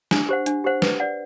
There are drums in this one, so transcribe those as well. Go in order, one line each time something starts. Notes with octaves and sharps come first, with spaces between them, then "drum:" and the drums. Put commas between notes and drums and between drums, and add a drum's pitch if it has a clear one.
D4, drum: snare
G4 C5 F#5
D4, drum: hi-hat
G4 C5 F#5
B4, drum: snare
D5 F#5